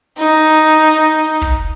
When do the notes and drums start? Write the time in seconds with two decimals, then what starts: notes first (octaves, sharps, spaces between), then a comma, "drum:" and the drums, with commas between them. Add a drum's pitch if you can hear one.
0.18 D#4
0.33 drum: hi-hat
0.80 drum: hi-hat
1.11 drum: hi-hat
1.26 drum: hi-hat
1.42 drum: kick, hi-hat
1.57 drum: hi-hat